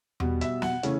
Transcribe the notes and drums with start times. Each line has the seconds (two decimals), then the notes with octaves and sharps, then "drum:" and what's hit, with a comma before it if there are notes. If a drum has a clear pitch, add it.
0.20 B2 G3 B3, drum: tom E2
0.41 E5, drum: hi-hat
0.62 F#5, drum: snare
0.83 C#3 E3 A3 C#4, drum: hi-hat